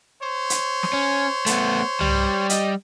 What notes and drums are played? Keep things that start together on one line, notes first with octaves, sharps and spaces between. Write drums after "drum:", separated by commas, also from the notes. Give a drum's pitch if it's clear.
C5 C#5
drum: hi-hat
drum: snare
C#4
A3 B3, drum: hi-hat
G3, drum: tom
D#5, drum: hi-hat